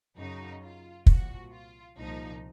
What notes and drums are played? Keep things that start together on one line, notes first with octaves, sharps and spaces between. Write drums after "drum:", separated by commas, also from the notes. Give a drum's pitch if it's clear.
F#2 C#3 F#3 D#4
F4
C2 A#2 F3 F#4, drum: kick
F4
C2 A#2 F3 D#4